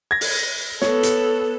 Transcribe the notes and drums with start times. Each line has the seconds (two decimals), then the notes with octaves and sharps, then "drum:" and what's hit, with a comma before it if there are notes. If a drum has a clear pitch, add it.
0.11 G#6 A#6
0.21 drum: open hi-hat
0.82 B3 A4 C#5, drum: snare
1.03 drum: hi-hat